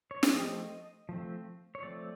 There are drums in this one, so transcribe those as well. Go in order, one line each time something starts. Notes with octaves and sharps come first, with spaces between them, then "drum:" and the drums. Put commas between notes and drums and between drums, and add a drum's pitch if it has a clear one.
C#5
D5, drum: snare
F3 A3 C4 D#5
F3 A3 C4
C#5
F3 A3 C4 D5